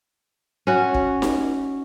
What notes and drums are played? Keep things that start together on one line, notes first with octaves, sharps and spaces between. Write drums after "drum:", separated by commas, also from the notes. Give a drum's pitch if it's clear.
C#4 F#4
drum: kick
drum: snare D#4